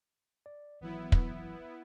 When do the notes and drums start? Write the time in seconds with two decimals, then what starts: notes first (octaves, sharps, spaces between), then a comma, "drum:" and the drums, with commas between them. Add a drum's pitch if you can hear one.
0.46 D5
0.81 G#1 E3 F#3 B3 E4
1.12 drum: kick